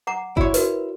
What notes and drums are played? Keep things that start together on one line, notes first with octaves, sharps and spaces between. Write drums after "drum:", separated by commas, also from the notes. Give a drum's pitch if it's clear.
F#5 A#5 D6
E4 F#4 C#5 D5, drum: kick G1
F#4 A#4 B4, drum: open hi-hat